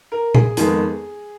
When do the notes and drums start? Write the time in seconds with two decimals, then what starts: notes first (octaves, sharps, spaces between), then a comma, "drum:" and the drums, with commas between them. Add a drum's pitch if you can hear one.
0.12 A#4
0.35 G#4, drum: tom
0.57 F2 D#3 G#3 B3, drum: hi-hat